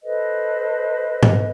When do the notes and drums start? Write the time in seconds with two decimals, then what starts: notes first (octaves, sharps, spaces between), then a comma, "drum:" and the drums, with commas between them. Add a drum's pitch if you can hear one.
0.03 A4 B4 C5 D#5
1.23 drum: tom G#2